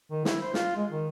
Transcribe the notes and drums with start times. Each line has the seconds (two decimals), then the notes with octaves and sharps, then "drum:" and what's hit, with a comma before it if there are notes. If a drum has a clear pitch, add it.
0.11 D#3
0.25 E4, drum: snare
0.41 C5
0.54 F4, drum: snare
0.77 G#3
0.90 D#3